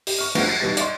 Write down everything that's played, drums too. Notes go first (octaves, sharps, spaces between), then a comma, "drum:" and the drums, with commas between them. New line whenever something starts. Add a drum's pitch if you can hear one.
G4, drum: open hi-hat
C#6 F6
F3 F#3 G#3 A3 B3 D4, drum: cymbal
A6 A#6
B1 B2 E3 G3 A6
D5 D#5 C6, drum: hi-hat